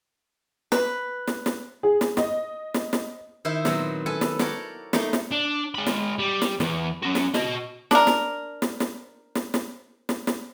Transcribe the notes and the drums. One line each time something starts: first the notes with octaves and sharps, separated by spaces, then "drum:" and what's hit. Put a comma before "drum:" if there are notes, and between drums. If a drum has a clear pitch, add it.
B4, drum: snare
drum: snare
drum: snare
G#4
drum: snare
D#5, drum: snare
drum: snare
drum: snare
D#3 E4 C5 E5
A#2 F#3 B3 C4, drum: snare
A4 B4 G#5 A5
drum: snare
A#4 C#5 D5 F#5 G5 A5, drum: snare
A3 A#3 D#4 D5, drum: snare
drum: snare
D4
G#3 B5
drum: snare
G3
drum: snare
E2 E3, drum: snare
C#4 F#4
drum: snare
F#4 D#5, drum: snare
D4 A#4, drum: snare
drum: snare
drum: snare
drum: snare
drum: snare
drum: snare
drum: snare
drum: snare